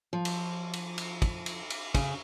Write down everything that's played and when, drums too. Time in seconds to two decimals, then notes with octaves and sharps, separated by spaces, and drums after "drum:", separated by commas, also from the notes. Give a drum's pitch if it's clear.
0.13 F3
0.25 drum: cymbal
0.73 drum: cymbal
0.98 drum: cymbal
1.22 drum: kick, cymbal
1.46 drum: cymbal
1.70 drum: cymbal
1.94 C#3, drum: kick, cymbal